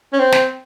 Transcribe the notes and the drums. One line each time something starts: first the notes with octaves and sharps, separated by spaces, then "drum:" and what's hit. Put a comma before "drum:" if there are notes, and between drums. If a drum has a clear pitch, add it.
C#4
C4
drum: snare